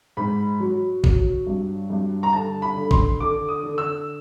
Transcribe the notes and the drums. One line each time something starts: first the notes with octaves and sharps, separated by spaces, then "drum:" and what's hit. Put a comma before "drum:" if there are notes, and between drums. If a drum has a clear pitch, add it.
G#2 B5
F#3
F#3, drum: kick A1
G2
G2
A#5
D3 A5
B5
D3
C6, drum: kick A1
D3 D6
D#6
D3
E6